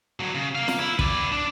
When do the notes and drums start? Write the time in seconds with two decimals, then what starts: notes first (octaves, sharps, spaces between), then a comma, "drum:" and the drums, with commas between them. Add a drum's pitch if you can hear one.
0.20 D3 F#3
0.34 C#3
0.55 A#3 F5
0.68 drum: snare
0.79 E4
0.99 B4 D5, drum: kick
1.32 D4